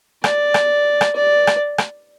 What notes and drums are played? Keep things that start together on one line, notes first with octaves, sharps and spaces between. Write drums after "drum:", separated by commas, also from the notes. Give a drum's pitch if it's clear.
D5, drum: rim click
drum: rim click
drum: rim click
D5
drum: rim click
drum: rim click